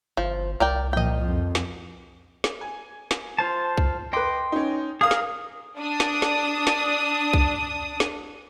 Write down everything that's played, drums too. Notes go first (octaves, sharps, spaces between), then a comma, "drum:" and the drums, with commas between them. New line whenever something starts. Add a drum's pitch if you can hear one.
G1 F3
C2 A#4 D5 G5
A#2 F3 D#5 G5
F2
drum: snare
drum: snare
G#5
drum: snare
F4 C5 A5
drum: kick B1
B4 D#5 G5 C6 D6
C#4 D#4
G#4 A#4 F5 D#6
drum: snare
D4 D#6
drum: snare
drum: snare
drum: snare
drum: kick B1
drum: snare